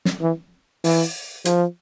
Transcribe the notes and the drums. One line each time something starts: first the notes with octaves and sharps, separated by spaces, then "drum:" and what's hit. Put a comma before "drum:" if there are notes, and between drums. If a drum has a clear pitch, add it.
drum: snare
E3
E3, drum: open hi-hat
F3, drum: hi-hat